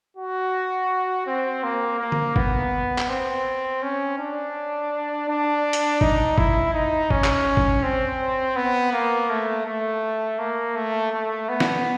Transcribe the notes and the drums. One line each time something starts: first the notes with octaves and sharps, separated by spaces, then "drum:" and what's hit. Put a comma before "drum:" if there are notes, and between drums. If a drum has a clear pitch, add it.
F#4
C4
A#3
A#3
drum: tom D3
B3, drum: kick G1
drum: clap
C4
C#4
D4
D4
drum: hi-hat
D#4, drum: kick G1
E4, drum: kick G1
D#4
C#4, drum: kick G1
drum: clap
drum: kick G1
C4
B3
A#3
A3
A3
A#3
A3
A3
B3
drum: snare